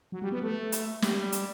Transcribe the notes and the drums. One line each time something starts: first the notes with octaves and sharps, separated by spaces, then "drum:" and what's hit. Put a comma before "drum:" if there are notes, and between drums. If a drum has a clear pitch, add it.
F#3
G3
B3
A3
drum: hi-hat
G3, drum: snare
drum: hi-hat